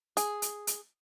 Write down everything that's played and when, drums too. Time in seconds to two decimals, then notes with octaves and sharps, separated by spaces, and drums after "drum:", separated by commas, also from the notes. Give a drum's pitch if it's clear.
0.17 G#4, drum: hi-hat
0.42 drum: hi-hat
0.67 drum: hi-hat